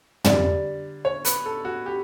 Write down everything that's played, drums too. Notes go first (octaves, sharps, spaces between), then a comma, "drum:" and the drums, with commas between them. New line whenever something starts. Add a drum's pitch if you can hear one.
D3 G3 D5, drum: tom
C#5
B4, drum: hi-hat
A4
F#4
G4